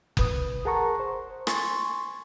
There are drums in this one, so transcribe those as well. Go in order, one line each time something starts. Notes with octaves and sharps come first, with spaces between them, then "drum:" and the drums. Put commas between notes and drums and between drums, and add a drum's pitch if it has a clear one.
C2 B4 D#6, drum: kick F#1
G#4 A#4 F#5 A5 A#5 C#6
C5
G#5 C6 C#6 A6, drum: rim click